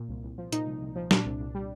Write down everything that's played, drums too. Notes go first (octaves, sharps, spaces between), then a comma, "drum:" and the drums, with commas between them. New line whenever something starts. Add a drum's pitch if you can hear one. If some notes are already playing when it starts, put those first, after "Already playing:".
Already playing: A#2
C2
C2
F3
A#2 D#4, drum: hi-hat
C2
C2
F3
A#2 D4, drum: snare
C2
C2
G3